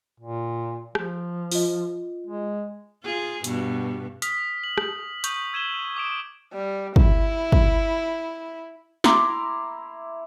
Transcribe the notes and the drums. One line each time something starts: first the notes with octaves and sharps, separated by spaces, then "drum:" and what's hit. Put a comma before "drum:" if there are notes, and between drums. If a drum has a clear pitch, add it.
A#2
F3, drum: rim click
F4 D#5, drum: open hi-hat
G#3
F4 G#4
G2 B2, drum: hi-hat
D#6 F6 B6, drum: hi-hat
F#7
drum: rim click
C#6 D#6 G6, drum: hi-hat
E6 G#6 D#7 E7 F#7 G7
D6 D#6 D7
G3
E4, drum: kick
drum: kick
E4 A#5 C6 D6, drum: snare